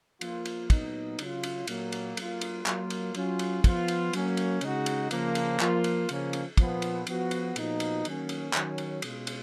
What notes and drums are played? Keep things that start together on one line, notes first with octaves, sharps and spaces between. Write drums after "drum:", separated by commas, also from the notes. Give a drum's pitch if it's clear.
F3 A#3 F4, drum: cymbal
drum: cymbal
A#2 F#3 B3 D#4, drum: kick, cymbal
C#3 F#3 C#4 F4, drum: cymbal
drum: cymbal
A#2 F#3 A#3, drum: cymbal
drum: cymbal
F#3 A#3 F4, drum: cymbal
drum: cymbal
F#3 A#3 F4, drum: clap
drum: cymbal
F#3 C#4 F4, drum: cymbal
drum: cymbal
F3 B3 F4, drum: kick, cymbal
drum: cymbal
F#3 A#3 C#4, drum: cymbal
drum: cymbal
C#3 G#3 D#4 F#4, drum: cymbal
drum: cymbal
C#3 F3 A#3, drum: cymbal
drum: cymbal
F3 A#3 F4, drum: clap
drum: cymbal
C#3 F3 A#3 C#4, drum: cymbal
drum: cymbal
A#2 F3 B3, drum: kick, cymbal
drum: cymbal
F3 B3 F#4, drum: cymbal
drum: cymbal
A#2 F3 B3 D#4 F#4, drum: cymbal
drum: cymbal
D#3 F#3 A#3 C#4, drum: cymbal
drum: cymbal
D#3 F#3 C#4, drum: clap
drum: cymbal
B2 G#3 C#4 F4, drum: cymbal
drum: cymbal